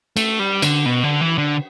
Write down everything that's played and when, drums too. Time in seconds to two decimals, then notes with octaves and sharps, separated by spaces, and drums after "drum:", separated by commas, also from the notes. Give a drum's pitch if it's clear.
0.17 A3, drum: cymbal
0.39 G3
0.62 D3, drum: cymbal
0.86 B2
1.03 D3
1.21 E3
1.38 D3